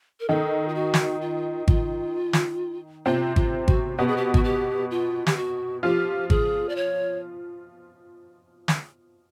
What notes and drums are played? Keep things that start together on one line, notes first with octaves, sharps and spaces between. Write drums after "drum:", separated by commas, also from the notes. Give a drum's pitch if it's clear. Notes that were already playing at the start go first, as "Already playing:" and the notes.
A#4
D#3 D#4 A4
F4
F#4
drum: snare
F4
F4, drum: kick G#1
drum: snare
C3 C4 F4
F4, drum: kick G#1
F#4, drum: kick G#1
B2 B3 G4
G#4
G4
F#4, drum: kick G#1
G4
F4
G4, drum: snare
F#4
F3 F4 G4
G#4, drum: kick G#1
D5
C#5
drum: snare